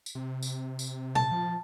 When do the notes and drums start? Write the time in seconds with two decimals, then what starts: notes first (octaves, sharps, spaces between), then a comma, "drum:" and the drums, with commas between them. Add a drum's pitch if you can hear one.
0.06 drum: tambourine
0.15 C3
0.43 drum: tambourine
0.79 drum: tambourine
1.15 A5, drum: tom
1.32 F3